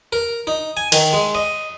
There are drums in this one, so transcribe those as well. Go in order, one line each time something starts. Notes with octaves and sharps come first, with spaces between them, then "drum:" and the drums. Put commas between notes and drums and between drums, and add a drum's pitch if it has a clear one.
A#4
D#4
G#5
D#3, drum: cymbal
G#3
D#5